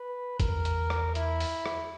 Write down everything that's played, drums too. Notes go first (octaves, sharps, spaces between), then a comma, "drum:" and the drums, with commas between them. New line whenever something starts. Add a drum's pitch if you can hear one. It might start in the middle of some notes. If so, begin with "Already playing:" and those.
Already playing: B4
E2 A#4, drum: kick G1, hi-hat
drum: hi-hat
drum: rim click
E4, drum: hi-hat
drum: open hi-hat
drum: rim click